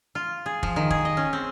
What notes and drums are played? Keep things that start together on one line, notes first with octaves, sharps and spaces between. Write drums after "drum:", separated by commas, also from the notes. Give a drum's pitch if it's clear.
F4
G#4
F3, drum: kick
D#3
G#4, drum: kick
D#5
C#4
C4